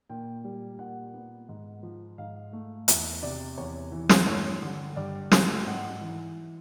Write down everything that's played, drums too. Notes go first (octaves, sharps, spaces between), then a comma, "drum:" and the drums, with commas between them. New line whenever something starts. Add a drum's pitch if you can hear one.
A#2 G5
G3
A#2 F#5
B3
G#2
F3
G#2 F5
A3
E2 E5, drum: hi-hat
C3 D5
E2 C#5
E3
drum: snare
G2 C#5
D3
G2 D5
F#3, drum: snare
G#2 F#5
E3